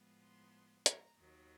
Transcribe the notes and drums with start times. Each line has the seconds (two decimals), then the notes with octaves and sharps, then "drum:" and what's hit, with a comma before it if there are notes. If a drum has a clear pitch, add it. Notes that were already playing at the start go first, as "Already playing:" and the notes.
Already playing: A2 F3 G#3 B3
0.22 C6
0.86 A#5, drum: hi-hat
1.17 D#2 D#3 F#3